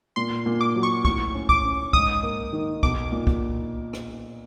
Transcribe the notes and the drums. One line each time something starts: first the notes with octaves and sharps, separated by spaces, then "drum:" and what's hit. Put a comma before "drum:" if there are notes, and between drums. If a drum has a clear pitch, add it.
A#2 C6
A#2
D6
F#3
C#6
A2 C#6, drum: kick
C#4
D6, drum: kick
C#4
G#2 D#6, drum: kick
A#3
D#3
B1 D6, drum: kick
A#2
drum: kick
drum: rim click